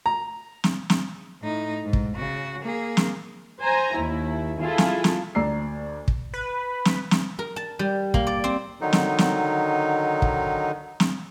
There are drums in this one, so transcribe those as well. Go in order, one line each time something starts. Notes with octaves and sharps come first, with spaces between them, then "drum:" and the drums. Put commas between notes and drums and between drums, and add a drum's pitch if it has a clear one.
A#5
drum: snare
drum: snare
A2 D#4
G#2
drum: kick
C#3 F#4
A#3 G#4
drum: snare
C5 G#5 A#5
D#2 E4
E4 F4 G#4 A4
drum: snare
drum: snare
D2 D5 A#5 E6 C7
drum: kick
B4
drum: snare
drum: snare
A#4
A5
G3
A#3, drum: kick
D5
C4
D3 D#3 F#3 D#4
drum: snare
drum: snare
drum: kick
drum: snare